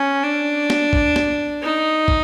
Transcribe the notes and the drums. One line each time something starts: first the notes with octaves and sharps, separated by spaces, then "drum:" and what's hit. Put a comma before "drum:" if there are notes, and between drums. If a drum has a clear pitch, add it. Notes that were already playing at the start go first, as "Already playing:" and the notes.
Already playing: C#4
D4
drum: snare
drum: kick
drum: snare
D#4
drum: kick